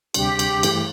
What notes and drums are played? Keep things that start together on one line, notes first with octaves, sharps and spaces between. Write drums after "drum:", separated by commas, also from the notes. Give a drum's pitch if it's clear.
D2 C3 G3 D4 G4, drum: cymbal
drum: cymbal
G2 E3 A3 E4, drum: cymbal